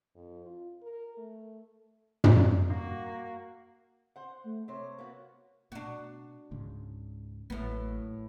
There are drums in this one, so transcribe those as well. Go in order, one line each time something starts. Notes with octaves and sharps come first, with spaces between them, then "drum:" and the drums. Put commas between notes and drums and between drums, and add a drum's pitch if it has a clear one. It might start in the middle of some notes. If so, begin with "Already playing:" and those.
F2
F4
A#4
A3
drum: tom
A#3 F#4
C5 F#5
A3
C3 C5 C#5
A#3 B3 F#4
B2 D4 F#4
C#2 G#2 C#3
A1 A2 F#3 A#3 B3